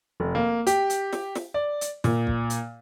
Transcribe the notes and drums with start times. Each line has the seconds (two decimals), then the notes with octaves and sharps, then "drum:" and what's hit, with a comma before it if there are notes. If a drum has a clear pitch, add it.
0.20 F1
0.35 A#3
0.67 G4, drum: hi-hat
0.90 drum: hi-hat
1.13 drum: snare
1.35 drum: snare
1.54 D5
1.81 drum: hi-hat
2.04 A#2, drum: snare
2.27 drum: kick
2.50 drum: hi-hat